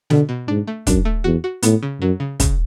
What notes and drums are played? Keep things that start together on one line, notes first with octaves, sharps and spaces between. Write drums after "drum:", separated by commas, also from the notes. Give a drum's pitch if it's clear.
B2 D3, drum: snare
B2
G#2 D4
A3
F#2 D4, drum: kick, hi-hat
A3
E2 F#4
F#4
A2 B3, drum: hi-hat
C#3
F#2 F#3
C#3
C#3, drum: kick, hi-hat